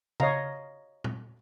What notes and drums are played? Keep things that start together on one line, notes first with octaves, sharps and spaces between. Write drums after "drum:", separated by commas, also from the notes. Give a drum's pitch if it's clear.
C#5 D#5 F5 A#5, drum: tom
drum: tom